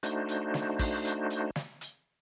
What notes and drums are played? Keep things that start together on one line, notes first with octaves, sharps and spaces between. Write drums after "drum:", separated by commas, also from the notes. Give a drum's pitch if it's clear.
A3 D4 D#4 F#4 C5, drum: hi-hat
drum: hi-hat
drum: snare
drum: kick, open hi-hat
drum: hi-hat
drum: hi-hat
drum: snare
drum: hi-hat